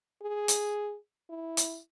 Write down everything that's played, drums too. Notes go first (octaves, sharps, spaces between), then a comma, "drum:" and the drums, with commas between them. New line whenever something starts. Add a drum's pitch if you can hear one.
G#4
drum: hi-hat
E4
drum: hi-hat